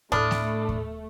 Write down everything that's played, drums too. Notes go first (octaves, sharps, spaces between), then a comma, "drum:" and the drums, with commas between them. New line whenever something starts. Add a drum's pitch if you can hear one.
A2 A3 D4 B5 D#6 F6, drum: kick D#2
drum: snare A3
drum: kick D#2